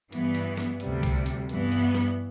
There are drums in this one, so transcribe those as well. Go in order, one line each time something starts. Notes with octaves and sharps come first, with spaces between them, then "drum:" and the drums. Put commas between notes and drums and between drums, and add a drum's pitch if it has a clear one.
G2 E3 B3, drum: hi-hat
drum: hi-hat
drum: snare
D2 C3 G3, drum: hi-hat
drum: kick C2, open hi-hat
drum: hi-hat
G2 E3 B3, drum: hi-hat
drum: hi-hat
drum: snare